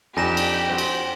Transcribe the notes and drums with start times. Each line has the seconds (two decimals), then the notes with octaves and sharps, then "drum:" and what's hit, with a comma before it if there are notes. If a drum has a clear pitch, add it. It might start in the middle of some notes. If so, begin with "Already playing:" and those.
0.17 F2 D4 D#4 G4 G#5 A#6 E7
0.37 drum: cymbal
0.69 C4 F#4
0.78 drum: cymbal